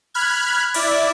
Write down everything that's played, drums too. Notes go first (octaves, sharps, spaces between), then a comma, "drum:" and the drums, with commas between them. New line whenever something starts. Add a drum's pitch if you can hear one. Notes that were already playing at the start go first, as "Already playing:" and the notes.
B5 F6 F#6 G#6
E4 D5, drum: cymbal